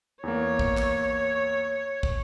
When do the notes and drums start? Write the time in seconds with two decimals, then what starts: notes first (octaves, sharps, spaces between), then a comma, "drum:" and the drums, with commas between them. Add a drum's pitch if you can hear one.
0.23 E2 A#3 C#5
0.59 drum: kick
0.77 drum: clap
2.03 drum: kick